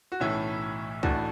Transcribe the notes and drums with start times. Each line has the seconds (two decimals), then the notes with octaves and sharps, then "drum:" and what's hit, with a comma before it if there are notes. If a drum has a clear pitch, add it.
0.12 F#4
0.20 B1 A2 E3 A3 C#4 E4
1.03 A1 A2 E3 A3 D4 F#4, drum: kick C2